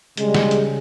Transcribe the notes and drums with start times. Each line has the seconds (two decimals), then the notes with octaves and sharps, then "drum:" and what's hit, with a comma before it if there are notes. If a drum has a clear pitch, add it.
0.17 C#3 G3 G#3, drum: hi-hat
0.34 drum: snare
0.51 drum: hi-hat